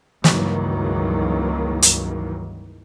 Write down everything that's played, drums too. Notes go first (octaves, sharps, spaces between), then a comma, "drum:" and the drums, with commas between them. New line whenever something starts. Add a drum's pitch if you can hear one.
C#2 G2 D#3 E3 F#3 A#3, drum: snare
drum: hi-hat